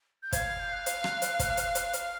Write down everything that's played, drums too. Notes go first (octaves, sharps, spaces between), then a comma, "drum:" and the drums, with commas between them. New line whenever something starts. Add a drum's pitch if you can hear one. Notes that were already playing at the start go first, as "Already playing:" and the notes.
G6
F5 G#6, drum: kick, hi-hat
G#6
G6
F#6
drum: hi-hat
drum: rim click
drum: hi-hat
drum: kick, hi-hat
drum: hi-hat
drum: hi-hat
F6, drum: hi-hat